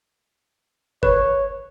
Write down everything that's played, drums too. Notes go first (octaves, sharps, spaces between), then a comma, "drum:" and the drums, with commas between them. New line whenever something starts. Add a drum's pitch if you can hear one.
B4 C#5, drum: kick F#1